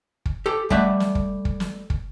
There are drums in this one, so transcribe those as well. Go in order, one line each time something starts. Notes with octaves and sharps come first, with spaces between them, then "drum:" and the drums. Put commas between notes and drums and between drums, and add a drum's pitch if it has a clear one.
drum: kick
G4 A4
G3 A3 D5 E5 F#5, drum: kick
drum: snare
drum: kick
drum: kick
drum: snare
drum: kick